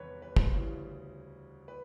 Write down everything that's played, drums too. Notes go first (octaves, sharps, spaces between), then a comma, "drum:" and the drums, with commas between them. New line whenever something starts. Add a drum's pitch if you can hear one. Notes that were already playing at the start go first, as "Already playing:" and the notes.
Already playing: E2 C3 D#3 G3 B4 C#5
B4
C5, drum: kick
D2 C#3 E3 G3
B4